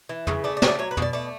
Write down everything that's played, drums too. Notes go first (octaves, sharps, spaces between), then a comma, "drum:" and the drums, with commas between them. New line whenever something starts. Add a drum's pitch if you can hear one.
E3
C#3, drum: tom
A3 D5
D5
C#3, drum: snare
D5
F#3 C#5
B4
B2, drum: tom
D5
A3 D5